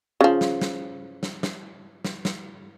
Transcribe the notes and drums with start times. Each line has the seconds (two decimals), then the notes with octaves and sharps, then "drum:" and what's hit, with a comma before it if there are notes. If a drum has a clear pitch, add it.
0.21 C#3 F3
0.41 drum: snare
0.61 drum: snare
1.23 drum: snare
1.43 drum: snare
2.05 drum: snare
2.25 drum: snare